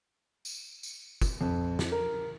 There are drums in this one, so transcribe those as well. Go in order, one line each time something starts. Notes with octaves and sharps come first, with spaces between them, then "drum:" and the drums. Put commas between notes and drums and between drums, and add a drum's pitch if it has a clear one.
drum: tambourine
drum: tambourine
drum: kick, tambourine
F2
drum: snare
A#4